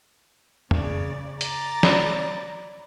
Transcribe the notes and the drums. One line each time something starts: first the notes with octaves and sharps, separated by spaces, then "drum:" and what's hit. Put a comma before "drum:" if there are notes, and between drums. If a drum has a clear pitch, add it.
C#3 D5, drum: tom
A#5 D6 A6, drum: hi-hat
C#5 D5 B5, drum: snare